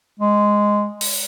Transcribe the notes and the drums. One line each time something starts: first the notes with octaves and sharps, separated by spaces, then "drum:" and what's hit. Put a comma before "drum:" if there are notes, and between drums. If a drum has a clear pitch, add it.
G#3
drum: open hi-hat